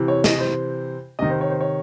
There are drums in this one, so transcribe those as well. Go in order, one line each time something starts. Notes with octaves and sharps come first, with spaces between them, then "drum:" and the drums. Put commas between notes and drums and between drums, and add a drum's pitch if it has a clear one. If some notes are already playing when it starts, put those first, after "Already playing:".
Already playing: C3 E3
C#5
D#5, drum: snare
C5
C3 D#3 D#5
C5
C#5
C5
C#5